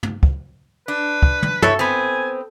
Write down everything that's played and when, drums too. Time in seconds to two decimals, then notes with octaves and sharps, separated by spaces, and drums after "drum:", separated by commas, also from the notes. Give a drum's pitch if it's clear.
0.03 drum: tom
0.23 drum: kick
0.88 D4 B4
1.23 drum: kick
1.42 drum: tom
1.62 E4 A4 C#5, drum: tom
1.79 B3 C4 G#5